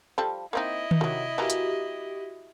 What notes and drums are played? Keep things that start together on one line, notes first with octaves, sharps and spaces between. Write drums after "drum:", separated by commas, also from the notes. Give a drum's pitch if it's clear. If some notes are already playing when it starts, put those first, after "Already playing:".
F3 G3 A4
A#3 C4 D#4 E4 D#5
drum: tom D#3
C3 D#3 F#3 F#4
E3 A#3 F#4 G4 A#5
drum: hi-hat